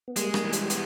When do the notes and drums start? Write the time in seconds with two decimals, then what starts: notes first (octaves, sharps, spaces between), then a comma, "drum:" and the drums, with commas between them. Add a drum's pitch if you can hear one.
0.08 B3
0.16 G3 G#3 A#3, drum: hi-hat
0.34 G3 A#3, drum: rim click
0.44 E3
0.53 G3, drum: hi-hat
0.70 B3, drum: hi-hat